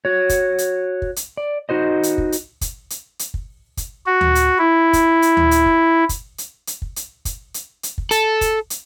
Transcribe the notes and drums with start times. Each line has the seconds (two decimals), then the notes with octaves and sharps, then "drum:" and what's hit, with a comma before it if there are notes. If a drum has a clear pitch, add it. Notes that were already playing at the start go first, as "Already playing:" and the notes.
0.05 F#4 C#5
0.29 drum: kick, hi-hat
0.58 drum: hi-hat
1.02 drum: kick
1.16 drum: hi-hat
1.37 D5
1.69 D#4 F#4 C5 D#5
2.03 drum: hi-hat
2.18 drum: kick
2.32 drum: hi-hat
2.61 drum: kick, hi-hat
2.90 drum: hi-hat
3.19 drum: hi-hat
3.34 drum: kick
3.77 drum: kick, hi-hat
4.06 F#4
4.21 drum: tom D2
4.35 drum: hi-hat
4.59 E4
4.93 drum: kick, hi-hat
5.22 drum: hi-hat
5.37 drum: tom D2
5.51 drum: hi-hat
5.66 drum: kick
6.09 drum: kick, hi-hat
6.38 drum: hi-hat
6.67 drum: hi-hat
6.82 drum: kick
6.96 drum: hi-hat
7.25 drum: kick, hi-hat
7.54 drum: hi-hat
7.83 drum: hi-hat
7.98 drum: kick
8.11 A4, drum: hi-hat
8.41 drum: kick, hi-hat
8.70 drum: hi-hat